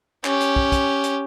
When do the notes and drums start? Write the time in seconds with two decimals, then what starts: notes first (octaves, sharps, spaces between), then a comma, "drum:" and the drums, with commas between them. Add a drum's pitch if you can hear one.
0.25 C#4 G4, drum: clap
0.41 drum: hi-hat
0.56 drum: kick
0.72 drum: kick, hi-hat
1.04 drum: hi-hat